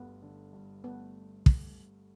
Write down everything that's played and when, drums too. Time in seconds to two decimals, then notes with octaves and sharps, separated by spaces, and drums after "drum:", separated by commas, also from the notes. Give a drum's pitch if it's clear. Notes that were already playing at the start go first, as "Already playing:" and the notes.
Already playing: G1 G2 D3 A3 B3
0.22 D3
0.53 G2
0.84 A3 B3
1.46 drum: kick